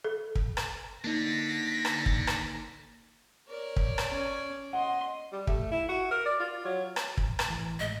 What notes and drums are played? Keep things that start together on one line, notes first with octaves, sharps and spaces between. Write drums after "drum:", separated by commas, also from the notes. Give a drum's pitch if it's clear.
A4
drum: kick
drum: rim click
D3 A#3 D4 D#4 A#6 B6
drum: rim click
drum: kick
drum: rim click
A#4 C#5 D5
drum: kick
drum: rim click
C#4
D#5 F#5 C6
G3
A3, drum: kick
E4
F#4
A#4
D5
F4
F#3
drum: rim click
drum: kick
drum: rim click
A1 E3
G#1 A2 G#3 D#5